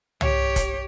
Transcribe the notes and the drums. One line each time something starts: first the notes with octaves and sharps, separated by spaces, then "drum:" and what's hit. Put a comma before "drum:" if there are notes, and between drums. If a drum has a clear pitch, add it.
G4 C#5, drum: tom C2
drum: kick, hi-hat